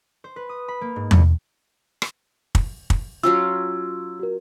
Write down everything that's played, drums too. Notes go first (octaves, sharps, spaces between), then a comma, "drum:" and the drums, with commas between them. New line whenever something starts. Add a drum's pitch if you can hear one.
C5
B4
D#6
B5
A#3
G#2
E2, drum: tom E2
drum: rim click
drum: kick
drum: kick
F#3 C#4 F4 E6
F#4 A#4